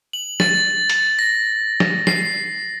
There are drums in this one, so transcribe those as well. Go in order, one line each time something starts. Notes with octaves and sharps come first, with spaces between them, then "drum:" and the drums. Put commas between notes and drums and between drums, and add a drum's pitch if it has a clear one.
F#7
A6, drum: snare
drum: hi-hat
A#6
drum: snare
C7, drum: snare